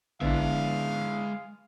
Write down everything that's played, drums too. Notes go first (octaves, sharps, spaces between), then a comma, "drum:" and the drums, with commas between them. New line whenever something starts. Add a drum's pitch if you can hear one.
D3 G#3 B3 D4 E4 E5 F5, drum: tom